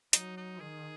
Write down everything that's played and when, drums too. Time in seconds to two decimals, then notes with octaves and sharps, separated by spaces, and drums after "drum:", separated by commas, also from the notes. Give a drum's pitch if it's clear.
0.13 F#3 D#4, drum: hi-hat
0.37 D#4
0.60 D#3 G#4